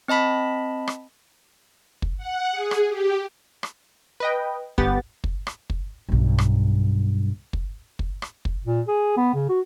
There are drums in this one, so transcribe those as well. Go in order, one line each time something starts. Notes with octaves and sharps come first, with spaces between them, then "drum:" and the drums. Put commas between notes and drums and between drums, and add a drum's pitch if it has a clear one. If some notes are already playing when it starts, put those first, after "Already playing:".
C4 D#5 A5 B5 B6
drum: rim click
drum: kick
F#5
G#4
drum: rim click
G4
drum: rim click
B4 D#5 G5
G1 B3 G4 A6, drum: kick
drum: kick
drum: rim click
drum: kick
B1 G2
drum: rim click
drum: kick
drum: kick
drum: rim click
drum: kick
A#2
G#4
B3
C#3
F#4